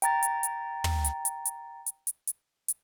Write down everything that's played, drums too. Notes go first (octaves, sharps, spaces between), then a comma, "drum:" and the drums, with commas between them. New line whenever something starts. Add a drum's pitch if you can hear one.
G5 A#5 A6, drum: hi-hat
drum: hi-hat
drum: hi-hat
drum: tom
drum: hi-hat
drum: hi-hat
drum: hi-hat
drum: hi-hat
drum: hi-hat
drum: hi-hat
drum: hi-hat